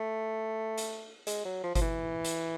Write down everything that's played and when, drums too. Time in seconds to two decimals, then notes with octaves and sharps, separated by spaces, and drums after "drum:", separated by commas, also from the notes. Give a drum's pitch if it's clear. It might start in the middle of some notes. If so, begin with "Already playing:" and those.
Already playing: A3
0.78 drum: hi-hat
1.27 G#3, drum: hi-hat
1.45 F#3
1.64 F3
1.75 F3, drum: kick G1, hi-hat
1.82 E3
2.25 drum: hi-hat